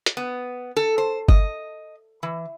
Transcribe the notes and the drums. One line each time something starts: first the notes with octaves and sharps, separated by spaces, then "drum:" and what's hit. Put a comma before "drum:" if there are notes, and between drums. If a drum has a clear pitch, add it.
drum: hi-hat
B3
A4
C5
D#5, drum: kick G1
E3